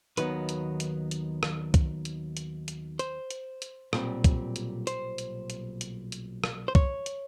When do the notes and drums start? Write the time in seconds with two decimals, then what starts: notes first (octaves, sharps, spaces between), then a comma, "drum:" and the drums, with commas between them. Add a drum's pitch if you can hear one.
0.17 D#2 D#3 F#3 B3 B4, drum: hi-hat
0.49 drum: hi-hat
0.80 drum: hi-hat
1.11 drum: hi-hat
1.43 drum: rim click
1.74 drum: kick, hi-hat
2.05 drum: hi-hat
2.37 drum: hi-hat
2.68 drum: hi-hat
2.99 C5, drum: hi-hat
3.30 drum: hi-hat
3.62 drum: hi-hat
3.93 B1 A#2 G3 C4, drum: rim click
4.24 drum: kick, hi-hat
4.56 drum: hi-hat
4.87 C5, drum: hi-hat
5.18 drum: hi-hat
5.50 drum: hi-hat
5.81 drum: hi-hat
6.12 drum: hi-hat
6.44 drum: rim click
6.68 C5
6.75 C#5, drum: kick
7.06 drum: hi-hat